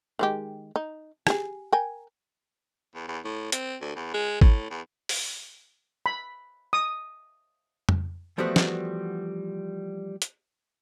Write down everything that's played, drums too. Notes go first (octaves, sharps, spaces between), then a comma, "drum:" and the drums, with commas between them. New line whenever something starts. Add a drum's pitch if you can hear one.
D#3 G#3 G4
D#4
G4 G#4, drum: rim click
A#4 G5 G#5
E2
E2
A2
C4, drum: hi-hat
D2
E2
G#3
A2, drum: kick
E2
drum: open hi-hat
B5
D#6
drum: tom F2
E3 F3 G3 A3 B3 F#4
drum: snare
drum: hi-hat